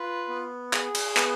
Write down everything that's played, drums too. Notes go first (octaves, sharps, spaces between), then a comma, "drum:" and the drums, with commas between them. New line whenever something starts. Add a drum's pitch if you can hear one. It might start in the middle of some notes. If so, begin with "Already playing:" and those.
Already playing: F4 B4
B3
G#4, drum: clap
drum: cymbal
B3, drum: clap